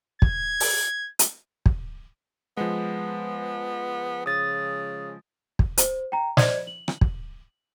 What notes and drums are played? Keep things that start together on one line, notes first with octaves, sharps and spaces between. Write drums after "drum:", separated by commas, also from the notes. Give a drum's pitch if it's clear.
G#6, drum: kick
drum: open hi-hat
drum: hi-hat
drum: kick
F3 G#3 B3
C#3 D#6 A6
drum: kick
C5, drum: hi-hat
G5 A#5
C5 D5 D#5 G#6, drum: snare
F#7
drum: rim click
drum: kick